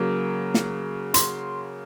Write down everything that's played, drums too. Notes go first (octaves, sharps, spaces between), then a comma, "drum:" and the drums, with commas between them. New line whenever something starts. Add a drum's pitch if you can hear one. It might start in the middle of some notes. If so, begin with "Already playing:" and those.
Already playing: C#3 F#3 A#3
drum: snare
C6, drum: hi-hat